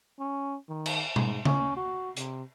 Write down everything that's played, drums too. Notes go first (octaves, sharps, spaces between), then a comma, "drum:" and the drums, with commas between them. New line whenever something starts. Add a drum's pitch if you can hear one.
C#4
D#3
drum: cymbal
G#2, drum: tom
C#4, drum: tom C#3
F#4
C3, drum: hi-hat